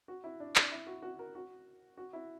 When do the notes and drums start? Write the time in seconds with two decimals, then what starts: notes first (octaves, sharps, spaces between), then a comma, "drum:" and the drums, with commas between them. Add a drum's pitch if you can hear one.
0.08 F#4
0.24 E4
0.40 D4
0.56 D4, drum: clap
0.72 E4
0.87 F#4
1.02 F#4
1.19 A#4
1.35 F#4
1.97 F#4
2.13 E4